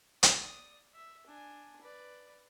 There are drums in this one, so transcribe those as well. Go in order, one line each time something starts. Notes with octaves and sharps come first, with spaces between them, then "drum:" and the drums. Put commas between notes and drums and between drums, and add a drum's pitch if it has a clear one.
D5 D#6, drum: hi-hat
E5
D4 G#5
B4 D5